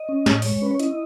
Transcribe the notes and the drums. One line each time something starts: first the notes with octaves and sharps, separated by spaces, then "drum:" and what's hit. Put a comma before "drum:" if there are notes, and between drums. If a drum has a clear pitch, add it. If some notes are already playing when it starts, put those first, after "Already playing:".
Already playing: D#5
C#4
A2 C#5, drum: snare
D#5
G#3 C#5, drum: open hi-hat
C#4 B4
C#5
E4 D#5, drum: hi-hat